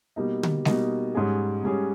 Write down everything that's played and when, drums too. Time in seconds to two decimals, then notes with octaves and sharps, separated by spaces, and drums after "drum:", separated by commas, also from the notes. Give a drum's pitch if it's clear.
0.16 B2 G3 A#3 D#4
0.43 drum: tom D3
0.65 B2 G3 A#3 D#4, drum: snare G#3
1.15 G#2 G3 C#4 G#4
1.64 G#2 G3 C#4 G#4